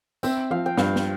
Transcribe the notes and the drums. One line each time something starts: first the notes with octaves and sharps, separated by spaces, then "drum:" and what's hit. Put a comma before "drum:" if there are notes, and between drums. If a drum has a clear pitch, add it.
C4 E5, drum: tambourine
F3 F5
G5
G2 F5, drum: snare
drum: snare